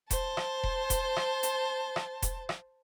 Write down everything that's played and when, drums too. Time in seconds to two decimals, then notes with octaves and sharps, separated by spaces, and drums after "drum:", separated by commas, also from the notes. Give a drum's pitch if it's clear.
0.11 C5 A5, drum: kick E1, hi-hat
0.37 drum: rim click
0.63 drum: kick E1
0.90 drum: kick E1, hi-hat
1.16 drum: rim click
1.43 drum: hi-hat
1.96 drum: rim click
2.22 drum: kick E1, hi-hat
2.49 drum: rim click